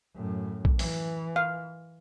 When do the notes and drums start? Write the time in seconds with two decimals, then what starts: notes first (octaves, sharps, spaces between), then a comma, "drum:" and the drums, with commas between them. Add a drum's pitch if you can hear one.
0.15 F#2 A2
0.65 drum: kick A#1
0.79 E3, drum: open hi-hat
1.36 F5